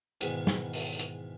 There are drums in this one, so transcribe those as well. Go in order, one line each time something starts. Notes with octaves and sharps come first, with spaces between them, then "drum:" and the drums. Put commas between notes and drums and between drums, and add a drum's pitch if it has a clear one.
E2 G#2 B2 D#3 G#3 B3, drum: hi-hat
drum: snare
drum: open hi-hat
drum: hi-hat